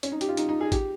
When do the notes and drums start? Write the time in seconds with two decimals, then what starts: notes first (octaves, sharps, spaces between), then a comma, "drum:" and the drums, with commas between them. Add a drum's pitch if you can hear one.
0.03 C#4, drum: hi-hat
0.12 D#4
0.21 G4, drum: hi-hat
0.29 F4
0.37 D#4, drum: hi-hat
0.49 D#4
0.61 G#4
0.72 G4, drum: kick A1, hi-hat